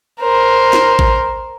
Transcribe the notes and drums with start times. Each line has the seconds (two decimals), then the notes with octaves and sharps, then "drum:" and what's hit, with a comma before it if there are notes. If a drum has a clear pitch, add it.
0.21 A#4 C5
0.73 drum: snare
0.99 drum: kick A1